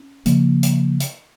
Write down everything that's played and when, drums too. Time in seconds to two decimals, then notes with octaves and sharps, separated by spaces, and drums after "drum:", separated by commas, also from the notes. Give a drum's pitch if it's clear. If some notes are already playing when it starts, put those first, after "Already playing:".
Already playing: C#4
0.26 C#3 F3 A#3, drum: hi-hat
0.63 drum: hi-hat
1.00 drum: hi-hat